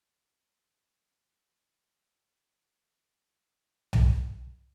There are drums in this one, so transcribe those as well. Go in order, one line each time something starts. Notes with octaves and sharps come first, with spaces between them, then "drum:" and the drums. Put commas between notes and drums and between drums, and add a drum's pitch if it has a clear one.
D#6
G4
A#2
G6
F#4
D6 E6
A2
G#4 E5 E6
drum: tom B1
F#4